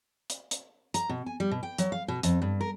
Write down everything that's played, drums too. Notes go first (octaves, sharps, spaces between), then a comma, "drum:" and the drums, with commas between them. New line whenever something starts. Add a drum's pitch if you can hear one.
drum: hi-hat
drum: hi-hat
A#5, drum: hi-hat
B2
G#5
G3
B2
G5
F#3, drum: hi-hat
F5
B2
F2, drum: hi-hat
G2
A#4